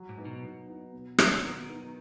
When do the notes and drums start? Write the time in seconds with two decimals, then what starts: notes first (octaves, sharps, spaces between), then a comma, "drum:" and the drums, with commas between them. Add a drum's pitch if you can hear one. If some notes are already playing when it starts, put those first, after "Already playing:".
Already playing: F#3
0.09 G#2
0.18 B3 D#4
0.25 B2
0.43 F#3
0.68 B3 D#4
0.92 B2
1.18 F#3 B3 D#4, drum: rim click
1.43 B2 D#3
1.69 F#3 B3 D#4